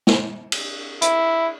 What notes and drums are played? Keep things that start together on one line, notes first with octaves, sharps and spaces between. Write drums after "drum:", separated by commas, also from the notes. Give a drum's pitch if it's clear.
drum: snare
drum: cymbal
E4, drum: hi-hat